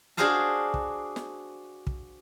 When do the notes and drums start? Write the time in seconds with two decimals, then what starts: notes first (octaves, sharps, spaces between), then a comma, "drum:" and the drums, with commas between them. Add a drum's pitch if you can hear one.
0.17 D4 F#4 G#4 C5 F5 A5
0.74 drum: kick
1.16 drum: snare
1.87 drum: kick